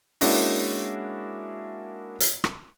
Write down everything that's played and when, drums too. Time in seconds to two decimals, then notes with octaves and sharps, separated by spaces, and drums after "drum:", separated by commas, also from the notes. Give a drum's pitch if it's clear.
0.21 G#3 A#3 C#4 D4 E4 F#4, drum: open hi-hat
2.20 drum: hi-hat
2.44 drum: rim click